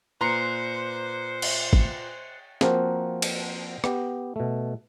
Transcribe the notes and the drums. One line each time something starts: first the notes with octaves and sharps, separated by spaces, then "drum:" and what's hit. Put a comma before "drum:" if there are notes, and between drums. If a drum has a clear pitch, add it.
A#2 B4 C5 A#5 C6 F#6 C7 C#7
drum: cymbal
drum: kick
F3 A#3 C4 F#4 A#4 C5, drum: snare
drum: cymbal
B3 G4, drum: rim click
B2 A3